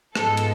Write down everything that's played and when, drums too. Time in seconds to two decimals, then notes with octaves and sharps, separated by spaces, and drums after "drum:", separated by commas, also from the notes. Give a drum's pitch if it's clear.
0.15 G#2 F3 G#3 B3 A4, drum: rim click
0.37 drum: hi-hat